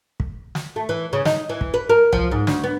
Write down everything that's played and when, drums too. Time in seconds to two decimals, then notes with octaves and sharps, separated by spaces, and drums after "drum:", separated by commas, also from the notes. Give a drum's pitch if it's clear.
0.20 drum: kick
0.55 drum: snare
0.76 A3
0.89 E3
1.13 C#3
1.25 D#4, drum: snare
1.49 E3
1.61 drum: kick
1.74 B4
1.89 A#4
2.13 F3, drum: tom C2
2.31 G#2
2.47 D2, drum: snare
2.64 B3